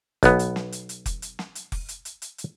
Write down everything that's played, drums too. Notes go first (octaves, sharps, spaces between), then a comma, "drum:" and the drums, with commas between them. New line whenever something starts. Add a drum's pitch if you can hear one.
B1 B3, drum: kick F1, hi-hat
drum: hi-hat
drum: snare
drum: hi-hat
drum: hi-hat
drum: kick F1, hi-hat
drum: hi-hat
drum: snare
drum: hi-hat
drum: kick F1, open hi-hat
drum: hi-hat
drum: hi-hat
drum: hi-hat
drum: hi-hat